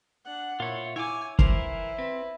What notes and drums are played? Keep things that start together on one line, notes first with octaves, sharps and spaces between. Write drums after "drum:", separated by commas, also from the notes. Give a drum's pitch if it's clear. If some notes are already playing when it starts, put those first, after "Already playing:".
D4 F#5
A#2 E4 F4 C#5
E4 C#5 G#5 D6
E3 E4 A#4 C5, drum: kick
C4 B4